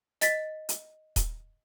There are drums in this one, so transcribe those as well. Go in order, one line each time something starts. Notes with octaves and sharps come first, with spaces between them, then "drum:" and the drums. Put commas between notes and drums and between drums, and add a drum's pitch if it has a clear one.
D#5 A6 B6, drum: hi-hat
drum: hi-hat
drum: kick D#1, hi-hat